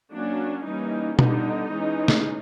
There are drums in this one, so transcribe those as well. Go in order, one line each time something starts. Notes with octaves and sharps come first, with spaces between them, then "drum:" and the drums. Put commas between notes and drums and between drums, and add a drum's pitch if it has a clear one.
F#3 A#3 C#4 D4
E3 G3 A#3 C#4 D#4
D3 G3 B3 D4 D#4, drum: tom B2
E3 G#3 C#4
drum: snare